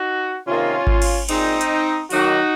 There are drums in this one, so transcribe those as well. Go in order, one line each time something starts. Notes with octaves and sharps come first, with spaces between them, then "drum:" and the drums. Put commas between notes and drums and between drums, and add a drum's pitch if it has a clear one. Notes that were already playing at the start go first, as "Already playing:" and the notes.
Already playing: D#4 F#4
C3 D#3 A#3 C#4 F4
drum: kick G#1
drum: cymbal
A#2 G#3 C4 D#4, drum: cymbal
drum: hi-hat
D#3 F#3 A#3 D#4 F#4, drum: open hi-hat